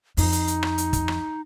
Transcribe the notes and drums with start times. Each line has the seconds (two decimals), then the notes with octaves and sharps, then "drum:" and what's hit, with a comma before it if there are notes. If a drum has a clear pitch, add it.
0.17 F2 D#4, drum: open hi-hat
0.32 drum: hi-hat
0.47 drum: hi-hat
0.63 drum: rim click
0.78 drum: hi-hat
0.93 drum: kick, hi-hat
1.08 drum: rim click